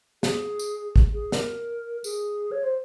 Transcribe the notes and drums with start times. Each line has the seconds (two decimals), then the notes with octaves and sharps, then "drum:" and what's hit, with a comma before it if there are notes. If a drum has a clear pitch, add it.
0.23 G#4, drum: snare
0.59 drum: tambourine
0.96 drum: kick
1.14 G#4
1.32 A#4, drum: snare
2.04 G#4, drum: tambourine
2.52 C#5
2.64 C5